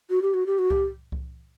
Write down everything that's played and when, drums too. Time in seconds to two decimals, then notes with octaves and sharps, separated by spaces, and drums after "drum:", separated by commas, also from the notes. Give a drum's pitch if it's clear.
0.10 F#4
0.22 G4
0.34 F#4
0.46 G4
0.59 F#4
0.71 G4, drum: kick C2
1.12 drum: kick C2